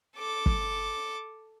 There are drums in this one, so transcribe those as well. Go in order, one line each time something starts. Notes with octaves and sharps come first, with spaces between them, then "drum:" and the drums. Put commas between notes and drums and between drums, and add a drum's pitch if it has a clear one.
A4 D6
drum: kick